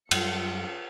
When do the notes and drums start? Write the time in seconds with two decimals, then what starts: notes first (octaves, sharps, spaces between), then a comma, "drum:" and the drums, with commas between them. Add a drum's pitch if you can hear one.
0.11 F#2 F#3 G3 F4 A4 C#7, drum: cymbal